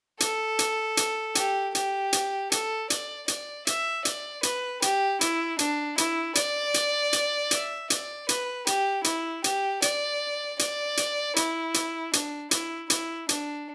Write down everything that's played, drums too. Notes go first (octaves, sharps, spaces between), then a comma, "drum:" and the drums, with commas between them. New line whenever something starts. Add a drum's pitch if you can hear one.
A4, drum: hi-hat
drum: hi-hat
drum: hi-hat
G4, drum: hi-hat
G4, drum: hi-hat
drum: hi-hat
A4, drum: hi-hat
D5, drum: hi-hat
D5, drum: hi-hat
E5, drum: hi-hat
D5, drum: hi-hat
B4, drum: hi-hat
G4, drum: hi-hat
E4, drum: hi-hat
D4, drum: hi-hat
E4, drum: hi-hat
D5, drum: hi-hat
drum: hi-hat
drum: hi-hat
E5, drum: hi-hat
D5, drum: hi-hat
B4, drum: hi-hat
G4, drum: hi-hat
E4, drum: hi-hat
G4, drum: hi-hat
D5, drum: hi-hat
D5, drum: hi-hat
drum: hi-hat
E4, drum: hi-hat
drum: hi-hat
D4, drum: hi-hat
E4, drum: hi-hat
E4, drum: hi-hat
D4, drum: hi-hat